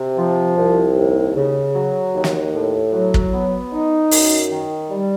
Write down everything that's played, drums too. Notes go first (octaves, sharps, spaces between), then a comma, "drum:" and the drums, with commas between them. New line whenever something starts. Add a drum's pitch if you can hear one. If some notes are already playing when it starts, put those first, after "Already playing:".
Already playing: C3
F3
C2
D#2
C#3
F#3
D#2
drum: snare
A2
F#3
drum: kick
B3
D#4
F#2, drum: open hi-hat
D#3
G3